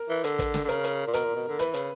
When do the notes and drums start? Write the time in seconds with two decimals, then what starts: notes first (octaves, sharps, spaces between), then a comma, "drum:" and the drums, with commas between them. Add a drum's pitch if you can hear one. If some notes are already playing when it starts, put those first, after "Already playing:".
Already playing: A#4
0.09 E3
0.24 D3, drum: hi-hat
0.39 drum: kick, hi-hat
0.54 drum: snare
0.64 D3
0.69 C#3 A#4, drum: hi-hat
0.84 drum: hi-hat
1.07 A#2
1.13 B2 A#4, drum: hi-hat
1.25 A#2
1.36 B2
1.48 D3
1.59 E3 B4, drum: hi-hat
1.74 C#3, drum: hi-hat